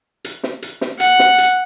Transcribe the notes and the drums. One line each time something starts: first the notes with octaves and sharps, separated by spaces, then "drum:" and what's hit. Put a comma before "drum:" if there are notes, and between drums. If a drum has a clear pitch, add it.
drum: hi-hat
drum: snare
drum: hi-hat
drum: snare
F#5, drum: hi-hat
drum: snare
drum: hi-hat